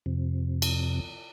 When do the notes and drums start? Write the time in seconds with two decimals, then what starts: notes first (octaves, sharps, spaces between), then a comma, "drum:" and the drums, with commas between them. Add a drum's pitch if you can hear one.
0.06 F2 C3
0.62 drum: cymbal